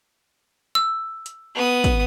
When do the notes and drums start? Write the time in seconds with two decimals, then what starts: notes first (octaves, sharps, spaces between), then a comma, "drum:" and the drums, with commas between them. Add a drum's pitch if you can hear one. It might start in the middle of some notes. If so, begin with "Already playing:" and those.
0.75 E6
1.26 drum: hi-hat
1.55 B3 D#6
1.84 drum: kick, hi-hat